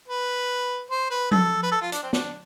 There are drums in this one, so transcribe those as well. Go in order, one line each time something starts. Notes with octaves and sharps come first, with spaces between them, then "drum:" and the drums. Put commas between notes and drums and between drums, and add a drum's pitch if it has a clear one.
B4
C5
B4
A4, drum: tom F3
B4
A4
F4
D4, drum: hi-hat
C4
D4, drum: snare